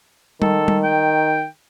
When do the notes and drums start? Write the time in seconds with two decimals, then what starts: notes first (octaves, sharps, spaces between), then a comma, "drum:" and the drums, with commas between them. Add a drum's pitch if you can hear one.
0.42 D#3 A4, drum: tom G3
0.68 drum: tom G3
0.83 G5